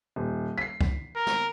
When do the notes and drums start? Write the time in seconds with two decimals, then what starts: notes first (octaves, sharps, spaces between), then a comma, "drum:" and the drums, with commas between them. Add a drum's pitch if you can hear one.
0.16 D#1
0.58 B6 C7
0.81 drum: kick C2
1.16 A#4
1.27 drum: snare